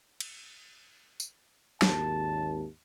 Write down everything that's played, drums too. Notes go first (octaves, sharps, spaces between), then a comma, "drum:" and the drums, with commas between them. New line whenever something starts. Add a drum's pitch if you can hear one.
drum: cymbal
drum: tambourine
G#1 D#2 A5, drum: snare